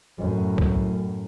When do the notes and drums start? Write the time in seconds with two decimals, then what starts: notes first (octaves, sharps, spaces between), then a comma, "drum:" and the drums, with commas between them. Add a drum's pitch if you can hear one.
0.19 F#2 A2
0.58 drum: kick